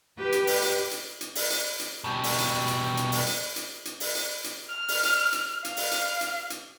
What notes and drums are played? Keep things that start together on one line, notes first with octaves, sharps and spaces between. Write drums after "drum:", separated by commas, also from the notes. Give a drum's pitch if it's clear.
G4 B4
drum: hi-hat
drum: open hi-hat
drum: hi-hat
drum: hi-hat
drum: hi-hat
drum: open hi-hat
drum: hi-hat
drum: hi-hat
B2 G3
drum: open hi-hat
drum: hi-hat
drum: hi-hat
drum: hi-hat
drum: open hi-hat
drum: hi-hat
drum: hi-hat
drum: hi-hat
drum: open hi-hat
drum: hi-hat
drum: hi-hat
F6
drum: open hi-hat
drum: hi-hat
drum: hi-hat
F5, drum: hi-hat
drum: open hi-hat
drum: hi-hat
drum: hi-hat
drum: hi-hat